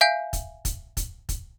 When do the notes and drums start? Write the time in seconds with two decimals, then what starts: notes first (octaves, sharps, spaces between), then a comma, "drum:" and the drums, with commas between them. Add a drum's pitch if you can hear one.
0.01 E5 F5 G#5 G6
0.33 drum: kick, hi-hat
0.65 drum: kick, hi-hat
0.97 drum: kick, hi-hat
1.29 drum: kick, hi-hat